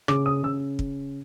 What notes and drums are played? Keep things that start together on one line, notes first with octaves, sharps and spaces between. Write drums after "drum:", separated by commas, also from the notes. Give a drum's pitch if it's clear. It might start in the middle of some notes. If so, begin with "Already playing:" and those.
C#3 D6, drum: rim click
D#6
C#3 E6
drum: kick